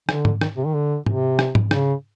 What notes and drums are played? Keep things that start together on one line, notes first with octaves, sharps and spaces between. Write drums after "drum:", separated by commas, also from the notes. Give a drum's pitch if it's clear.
D3, drum: rim click
drum: tom G#2
D#3, drum: rim click
C3
D#3
D3
C3, drum: tom G#2
drum: rim click
drum: tom G#2
C#3, drum: rim click